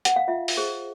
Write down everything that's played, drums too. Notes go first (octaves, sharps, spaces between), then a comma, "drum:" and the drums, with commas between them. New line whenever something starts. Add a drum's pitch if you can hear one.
F#5, drum: hi-hat
F5
F4 E5
drum: open hi-hat
G#4 C5